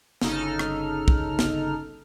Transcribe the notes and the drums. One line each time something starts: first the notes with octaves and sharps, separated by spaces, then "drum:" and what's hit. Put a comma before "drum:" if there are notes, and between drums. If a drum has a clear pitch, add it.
G1 C#3 D#4 A4 F6, drum: snare
drum: rim click
drum: kick
drum: snare